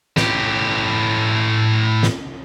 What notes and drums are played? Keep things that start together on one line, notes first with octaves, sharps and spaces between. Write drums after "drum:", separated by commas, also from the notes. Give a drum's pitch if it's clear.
A2 G4, drum: snare
drum: snare